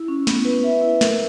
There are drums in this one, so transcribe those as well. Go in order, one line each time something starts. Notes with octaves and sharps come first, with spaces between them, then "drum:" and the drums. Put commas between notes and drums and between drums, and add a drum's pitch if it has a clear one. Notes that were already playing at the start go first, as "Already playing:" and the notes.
Already playing: E4
C#4
B3, drum: snare
B4
E5
E4
A#4, drum: snare